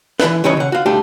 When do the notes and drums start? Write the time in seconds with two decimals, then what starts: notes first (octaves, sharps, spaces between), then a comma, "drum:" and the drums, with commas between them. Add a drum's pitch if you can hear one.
0.20 E3 E4 B4, drum: snare
0.44 C2 E3 C#4 C#5 D#5 B5
0.57 C#3 F#5
0.72 F#4 F5
0.86 G3 A3 D4 G4